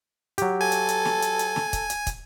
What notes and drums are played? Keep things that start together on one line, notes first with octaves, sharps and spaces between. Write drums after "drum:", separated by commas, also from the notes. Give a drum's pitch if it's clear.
F#3 G4, drum: hi-hat
A4 G#5
drum: hi-hat
drum: hi-hat
drum: snare
drum: hi-hat
drum: hi-hat
drum: snare
drum: kick, hi-hat
drum: hi-hat
drum: kick, hi-hat